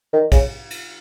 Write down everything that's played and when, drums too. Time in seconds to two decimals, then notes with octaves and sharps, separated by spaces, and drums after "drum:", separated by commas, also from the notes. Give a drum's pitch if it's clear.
0.13 D#3
0.32 C#3, drum: kick, cymbal
0.70 drum: cymbal